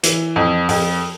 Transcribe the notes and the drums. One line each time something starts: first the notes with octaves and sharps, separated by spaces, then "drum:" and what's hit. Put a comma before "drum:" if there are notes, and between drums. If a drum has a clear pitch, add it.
E3, drum: hi-hat
F2
F2, drum: open hi-hat